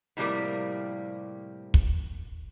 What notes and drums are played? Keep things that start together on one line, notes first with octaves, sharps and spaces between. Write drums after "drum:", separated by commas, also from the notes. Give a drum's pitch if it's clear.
A2 C3 F3 G3 A3 A#3
drum: kick